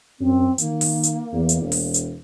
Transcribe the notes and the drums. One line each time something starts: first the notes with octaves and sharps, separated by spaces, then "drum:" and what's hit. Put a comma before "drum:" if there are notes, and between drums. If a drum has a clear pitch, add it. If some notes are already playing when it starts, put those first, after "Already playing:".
F#2 C4
D#3 A#3, drum: hi-hat
drum: open hi-hat
drum: hi-hat
E2
drum: hi-hat
E1
drum: open hi-hat
drum: hi-hat